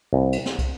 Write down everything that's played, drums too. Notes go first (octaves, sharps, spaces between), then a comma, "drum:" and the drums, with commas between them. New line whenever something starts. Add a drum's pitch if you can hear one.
C2
drum: cymbal
drum: snare
drum: kick, cymbal